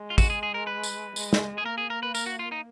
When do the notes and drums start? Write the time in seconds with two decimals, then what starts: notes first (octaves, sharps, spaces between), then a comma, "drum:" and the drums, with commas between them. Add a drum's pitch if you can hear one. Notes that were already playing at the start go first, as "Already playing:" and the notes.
Already playing: G#3
0.10 F4
0.18 F#4, drum: kick, tambourine
0.30 G#4
0.43 G#4
0.54 A#4
0.67 B4
0.83 drum: tambourine
1.16 G#3, drum: tambourine
1.33 drum: snare
1.58 G#4
1.65 A#3 A#4
1.78 G#4
1.90 A#4
2.03 B4
2.15 A#4, drum: tambourine
2.26 F#4
2.39 F4
2.52 D#4